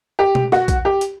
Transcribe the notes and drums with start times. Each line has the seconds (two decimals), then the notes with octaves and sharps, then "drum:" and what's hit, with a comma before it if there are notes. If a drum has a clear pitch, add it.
0.19 G4
0.35 drum: tom B2
0.52 F#4, drum: snare
0.68 drum: kick, hi-hat
0.85 G4
1.01 drum: hi-hat